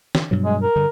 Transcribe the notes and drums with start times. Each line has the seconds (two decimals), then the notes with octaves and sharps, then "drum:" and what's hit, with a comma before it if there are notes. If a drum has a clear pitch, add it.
0.15 drum: snare
0.31 G2 B2 F#3
0.45 G#3
0.61 A#4
0.76 G2 D3